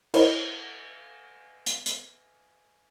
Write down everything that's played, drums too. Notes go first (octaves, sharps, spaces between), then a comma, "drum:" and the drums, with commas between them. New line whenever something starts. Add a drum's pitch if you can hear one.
E4 A#4 C5 C#5 D#5 E5, drum: cymbal
drum: hi-hat
drum: hi-hat